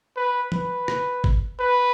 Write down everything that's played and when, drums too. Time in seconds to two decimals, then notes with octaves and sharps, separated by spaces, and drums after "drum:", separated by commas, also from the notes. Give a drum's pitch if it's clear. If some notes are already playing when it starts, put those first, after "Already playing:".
0.16 B4
0.52 B4, drum: tom E3
0.88 drum: rim click
1.24 drum: kick
1.60 B4